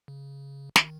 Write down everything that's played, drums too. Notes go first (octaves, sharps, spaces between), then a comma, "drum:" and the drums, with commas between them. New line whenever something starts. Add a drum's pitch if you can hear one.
C#3
D#3, drum: snare